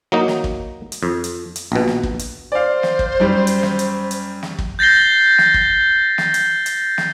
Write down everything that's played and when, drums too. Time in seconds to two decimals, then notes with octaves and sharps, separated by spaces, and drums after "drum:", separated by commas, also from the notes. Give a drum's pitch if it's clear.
0.12 F#3 A#3 D#4
0.28 drum: snare
0.44 drum: kick
0.92 drum: hi-hat
1.03 F2
1.24 drum: hi-hat
1.56 drum: hi-hat
1.72 A#1 B2
1.87 drum: snare
2.03 drum: kick
2.19 drum: hi-hat
2.52 C5 D5 F5
2.83 drum: snare
2.99 drum: kick
3.20 F#2 G3
3.47 drum: hi-hat
3.63 drum: snare
3.79 drum: hi-hat
4.11 drum: hi-hat
4.43 drum: snare
4.59 drum: kick
4.79 G6 A6 A#6 C7 G7
5.38 drum: snare
5.54 drum: kick
6.18 drum: snare
6.34 drum: hi-hat
6.66 drum: hi-hat
6.98 drum: snare